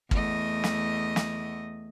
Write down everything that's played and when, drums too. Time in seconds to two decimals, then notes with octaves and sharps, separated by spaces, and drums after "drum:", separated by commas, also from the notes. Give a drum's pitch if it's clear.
0.11 E2 A3 D#5, drum: kick
0.64 drum: snare
1.16 drum: snare